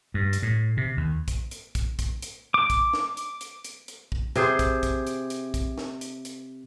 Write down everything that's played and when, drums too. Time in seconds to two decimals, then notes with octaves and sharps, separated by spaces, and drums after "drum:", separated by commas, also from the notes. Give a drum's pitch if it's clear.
0.14 G2
0.33 drum: hi-hat
0.42 A2
0.77 C3
0.97 D#2
1.28 drum: kick, hi-hat
1.51 drum: hi-hat
1.75 drum: kick, hi-hat
1.99 drum: kick, hi-hat
2.22 drum: hi-hat
2.54 D6
2.70 drum: kick, hi-hat
2.93 drum: snare
3.17 drum: hi-hat
3.41 drum: hi-hat
3.64 drum: hi-hat
3.88 drum: hi-hat
4.12 drum: kick
4.36 C3 G#4 C5, drum: hi-hat
4.59 drum: kick, hi-hat
4.83 drum: kick, hi-hat
5.07 drum: hi-hat
5.30 drum: hi-hat
5.54 drum: kick, hi-hat
5.78 drum: snare
6.01 drum: hi-hat
6.25 drum: hi-hat